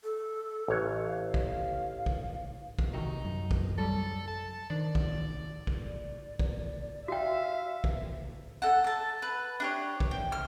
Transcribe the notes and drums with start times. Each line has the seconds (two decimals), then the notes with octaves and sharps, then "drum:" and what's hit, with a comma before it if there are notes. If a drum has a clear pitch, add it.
0.04 A4
0.68 A1 C#5
1.05 F5
1.34 drum: kick
2.06 drum: kick
2.79 drum: kick
2.93 C3 D#3 D#4 F#4
3.25 F#2
3.51 drum: kick
3.78 F#3 G3 A4
4.28 A5
4.70 D#3 F3 D4 D5
4.95 drum: kick
5.67 drum: kick
5.85 D5
6.39 drum: kick
7.08 F#4 E5 F5 G5
7.84 drum: kick
8.62 A4 F#5
8.84 A4 A5
9.22 B4
9.60 D4 G4 C#5
10.00 drum: kick
10.11 G5
10.32 F6